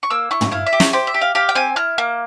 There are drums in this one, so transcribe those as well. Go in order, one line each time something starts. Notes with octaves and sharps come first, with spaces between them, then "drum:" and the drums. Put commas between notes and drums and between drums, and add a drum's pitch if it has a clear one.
C#6
A#3 E6
E4 C#6
drum: tom
E4 F5
E5
G4
C#5, drum: snare
G4 C5
E5
G4
F5
G4 F5
G5
C4 G#5
E4 F6
A#3